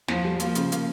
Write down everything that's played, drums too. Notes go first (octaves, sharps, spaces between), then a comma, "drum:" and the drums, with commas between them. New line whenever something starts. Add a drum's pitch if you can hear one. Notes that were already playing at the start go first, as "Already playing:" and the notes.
E2 F3, drum: snare
G3
F3 A#3, drum: hi-hat
C#3, drum: hi-hat
A#3, drum: hi-hat